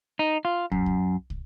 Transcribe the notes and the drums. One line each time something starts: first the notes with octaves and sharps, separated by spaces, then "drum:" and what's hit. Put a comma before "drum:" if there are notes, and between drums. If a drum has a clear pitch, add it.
D#4
F4
F#2, drum: kick
drum: kick
drum: kick